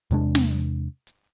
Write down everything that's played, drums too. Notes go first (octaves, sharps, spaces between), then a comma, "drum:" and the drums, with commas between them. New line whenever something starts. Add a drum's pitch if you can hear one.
E2 C3 G#3 D4, drum: hi-hat
drum: snare
drum: hi-hat
drum: hi-hat